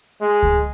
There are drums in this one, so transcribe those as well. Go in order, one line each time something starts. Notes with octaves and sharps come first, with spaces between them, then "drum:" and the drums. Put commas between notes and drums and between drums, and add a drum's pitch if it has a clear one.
G#3
drum: kick C#2